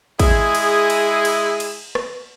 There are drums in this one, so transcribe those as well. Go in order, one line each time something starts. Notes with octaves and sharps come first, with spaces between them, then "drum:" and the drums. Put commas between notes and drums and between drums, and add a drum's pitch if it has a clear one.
G#3 E4 G#4, drum: kick, cymbal
drum: cymbal
drum: cymbal
drum: cymbal
drum: cymbal
drum: rim click